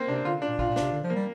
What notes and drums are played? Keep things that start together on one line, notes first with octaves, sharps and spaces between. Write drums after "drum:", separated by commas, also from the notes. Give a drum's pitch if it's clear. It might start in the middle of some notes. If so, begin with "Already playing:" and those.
Already playing: A#3 C4
C3 D4
D3 F4
D4
A#2
A#2 F4, drum: kick A1
A#2
D4, drum: snare
C3
D3
F3
A#3
G3